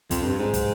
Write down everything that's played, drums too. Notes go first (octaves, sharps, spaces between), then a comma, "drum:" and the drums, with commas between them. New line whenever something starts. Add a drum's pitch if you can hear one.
F2, drum: kick, hi-hat
G2
G#2
drum: kick, hi-hat